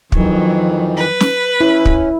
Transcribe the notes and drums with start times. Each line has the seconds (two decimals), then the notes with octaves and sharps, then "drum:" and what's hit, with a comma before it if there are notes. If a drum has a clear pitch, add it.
0.12 F2 D#3 E3 F#3, drum: kick
0.96 B4
1.20 drum: snare
1.61 C#4 E4
1.85 drum: kick